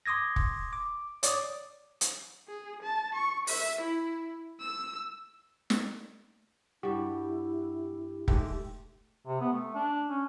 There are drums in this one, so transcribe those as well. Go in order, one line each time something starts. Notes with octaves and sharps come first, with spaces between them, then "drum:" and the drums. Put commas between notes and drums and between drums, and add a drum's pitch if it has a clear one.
C6 D6 D#6 G#6 A#6
drum: kick
D6
C#5 D5 D6 D#6, drum: hi-hat
drum: hi-hat
G#4
A5
C#6
E5, drum: open hi-hat
E4
E6
drum: snare
G2 G3 E4 F#4 G4
G#2 G#3 A3 G4, drum: kick
C3
B3
A3
D4
C#4